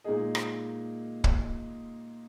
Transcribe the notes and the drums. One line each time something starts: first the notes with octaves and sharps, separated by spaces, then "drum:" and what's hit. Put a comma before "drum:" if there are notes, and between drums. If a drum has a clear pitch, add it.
A#2 G#3 D#4 G#4 D#5
drum: rim click
drum: kick